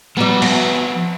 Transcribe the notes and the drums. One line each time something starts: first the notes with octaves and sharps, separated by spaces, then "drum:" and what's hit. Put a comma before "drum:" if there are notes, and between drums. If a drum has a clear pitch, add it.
F3 G3 B3 F#5 A#5
B3 F#4, drum: cymbal